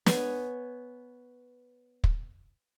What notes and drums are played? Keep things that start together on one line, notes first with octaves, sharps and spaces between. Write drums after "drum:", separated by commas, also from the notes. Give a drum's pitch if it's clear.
B3 C#5 G#5, drum: snare
drum: kick